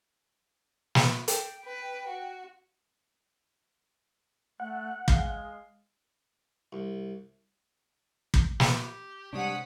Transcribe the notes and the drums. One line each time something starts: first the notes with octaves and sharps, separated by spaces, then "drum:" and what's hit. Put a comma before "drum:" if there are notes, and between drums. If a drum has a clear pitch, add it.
drum: snare
G5, drum: hi-hat
B4
F#4
A3 F#5
G#3 F5, drum: kick
C2
drum: kick
G4, drum: snare
C3 G3 G#3 D4 C#5 F#5 D#6 B6